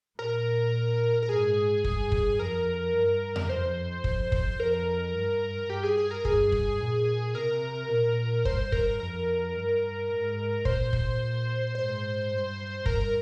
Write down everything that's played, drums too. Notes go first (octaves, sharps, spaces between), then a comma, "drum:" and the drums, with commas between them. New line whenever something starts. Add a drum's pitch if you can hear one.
A#2 A#4
A#4
G#2 G#4
G2, drum: kick
drum: kick
F2 A#4
G2
drum: tom F2
F2 C5
F2, drum: kick
drum: kick
F2 A#4
G2
G2 G4
G#4
G#4
A#4
G2 G#4, drum: kick
drum: kick
A#2
C3 A#4
A#2
G2 C5, drum: kick
A#4, drum: kick
F2 A#4
G2
G#2
A#2 C5, drum: kick
drum: kick
G#2 C5
G2
G2 A#4, drum: kick